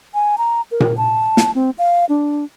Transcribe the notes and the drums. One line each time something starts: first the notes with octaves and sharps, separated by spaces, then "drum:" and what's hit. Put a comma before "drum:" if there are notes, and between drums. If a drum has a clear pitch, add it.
G#5
A#5
A#4
drum: tom A#2
A5
drum: snare
C4
F5
D4